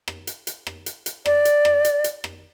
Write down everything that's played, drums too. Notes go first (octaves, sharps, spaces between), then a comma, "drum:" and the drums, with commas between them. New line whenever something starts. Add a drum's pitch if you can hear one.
drum: rim click
drum: hi-hat
drum: hi-hat
drum: rim click
drum: hi-hat
drum: hi-hat
D5, drum: rim click
drum: hi-hat
drum: rim click
drum: hi-hat
drum: hi-hat
drum: rim click